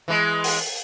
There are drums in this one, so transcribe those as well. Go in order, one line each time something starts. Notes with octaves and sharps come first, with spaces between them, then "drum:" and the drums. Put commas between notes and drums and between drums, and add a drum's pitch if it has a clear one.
E3 G#3
drum: open hi-hat